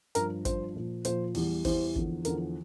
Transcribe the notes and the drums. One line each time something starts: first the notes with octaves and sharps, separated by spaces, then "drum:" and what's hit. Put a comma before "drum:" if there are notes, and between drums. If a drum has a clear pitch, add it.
G2 F3 A#4, drum: hi-hat
G2 F3 C5, drum: kick, hi-hat
A#2 F3
A#2 F3 C5, drum: hi-hat
E2 E3 G3, drum: open hi-hat
E2 E3 G3 C5, drum: kick, open hi-hat
E2 D3 F3, drum: kick
E2 D3 F3 A#4, drum: hi-hat